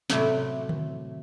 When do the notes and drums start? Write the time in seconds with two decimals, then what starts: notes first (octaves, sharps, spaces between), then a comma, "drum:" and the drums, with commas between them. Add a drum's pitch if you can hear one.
0.10 A2 C3 F#3 A3, drum: snare
0.69 drum: tom D3